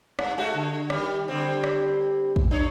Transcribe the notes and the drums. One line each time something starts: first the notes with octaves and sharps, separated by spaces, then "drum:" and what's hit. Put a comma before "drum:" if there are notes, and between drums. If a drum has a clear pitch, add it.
G2, drum: rim click
G#3 A3 F#4
D3
D#3 G3, drum: rim click
D3 G3 C4
drum: rim click
drum: kick
D4 C#5